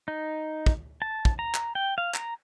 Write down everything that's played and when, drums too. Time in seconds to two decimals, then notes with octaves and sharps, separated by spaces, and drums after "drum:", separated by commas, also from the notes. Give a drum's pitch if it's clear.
0.08 D#4
0.66 drum: kick
1.02 A5
1.25 drum: kick
1.39 A#5
1.54 drum: clap
1.75 G5
1.98 F5
2.14 A#5, drum: clap